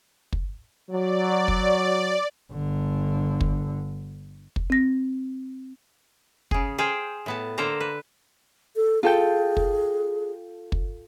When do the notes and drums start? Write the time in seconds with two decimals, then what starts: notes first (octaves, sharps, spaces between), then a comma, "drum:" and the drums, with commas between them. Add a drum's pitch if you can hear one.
0.33 drum: kick
0.90 F#3 D5
1.48 drum: kick
2.52 G1 D3
3.41 drum: kick
4.56 drum: kick
4.70 C4 A#6
6.51 C#3 G#4, drum: kick
6.78 G#4 C5 F5 G5
7.26 A2 B3 A5
7.58 D3 A#3 A4 C5 A#5
7.80 B4
8.76 A4
9.03 F4 G#4 A4 G5
9.57 drum: kick
10.72 drum: kick